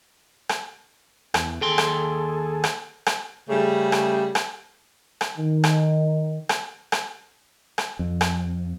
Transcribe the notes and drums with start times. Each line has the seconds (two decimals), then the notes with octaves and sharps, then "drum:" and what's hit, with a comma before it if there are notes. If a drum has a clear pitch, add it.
0.49 drum: rim click
1.34 E2, drum: rim click
1.61 D#2 G#4 A4 G5 C6
1.78 drum: rim click
2.64 drum: rim click
3.06 drum: rim click
3.49 C#3 G3 A3 C#4 G4 G#4
3.92 drum: rim click
4.35 drum: rim click
5.21 drum: rim click
5.38 D#3
5.64 drum: rim click
6.49 drum: rim click
6.92 drum: rim click
7.78 drum: rim click
7.99 F2
8.21 drum: rim click